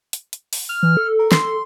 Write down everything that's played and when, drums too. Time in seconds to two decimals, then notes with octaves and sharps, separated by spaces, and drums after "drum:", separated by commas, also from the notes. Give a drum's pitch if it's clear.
0.13 drum: hi-hat
0.33 drum: hi-hat
0.53 drum: open hi-hat
0.69 F6
0.83 E3
0.97 A4
1.19 A#4
1.32 C6, drum: snare